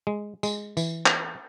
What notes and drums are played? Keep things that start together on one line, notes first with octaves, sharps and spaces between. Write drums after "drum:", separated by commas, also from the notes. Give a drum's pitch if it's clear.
G#3
G#3, drum: tambourine
E3, drum: tambourine
drum: clap